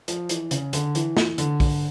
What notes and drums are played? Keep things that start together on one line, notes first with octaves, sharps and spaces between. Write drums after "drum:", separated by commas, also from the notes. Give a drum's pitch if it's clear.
F3, drum: hi-hat
E3, drum: hi-hat
C#3, drum: hi-hat
D3, drum: hi-hat
E3, drum: hi-hat
drum: snare
D3, drum: hi-hat
drum: kick, open hi-hat